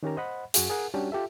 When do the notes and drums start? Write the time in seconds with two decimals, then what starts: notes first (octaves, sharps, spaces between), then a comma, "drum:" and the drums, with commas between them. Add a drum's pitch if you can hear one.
0.03 D#3 C#4 G4 A#4 A#5
0.17 C5 D#5 F#5 B5
0.54 F#2 F#4 G#4, drum: hi-hat
0.70 G#4 A#4 F#5
0.94 G3 C#4 D4 F#4 G4
1.12 F4 G4 A4 E5